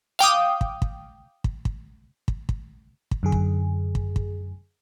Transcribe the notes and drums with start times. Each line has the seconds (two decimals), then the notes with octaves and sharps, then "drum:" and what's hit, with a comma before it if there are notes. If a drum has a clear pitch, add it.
0.19 F5 G5 D6 D#6
0.61 drum: kick
0.82 drum: kick
1.44 drum: kick
1.65 drum: kick
2.28 drum: kick
2.49 drum: kick
3.11 drum: kick
3.23 F#2 D3 G#4
3.32 drum: kick
3.95 drum: kick
4.16 drum: kick